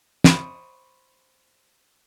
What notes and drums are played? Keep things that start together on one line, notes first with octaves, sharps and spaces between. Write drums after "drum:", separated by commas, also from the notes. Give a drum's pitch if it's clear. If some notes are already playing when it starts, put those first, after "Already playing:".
C5 B5 C#6 D#6, drum: snare